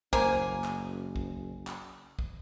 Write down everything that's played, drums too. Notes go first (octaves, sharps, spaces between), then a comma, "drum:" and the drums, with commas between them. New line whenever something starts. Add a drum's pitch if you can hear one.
F#1 A#3 C5 G#5, drum: kick
drum: clap
drum: kick
drum: clap
drum: kick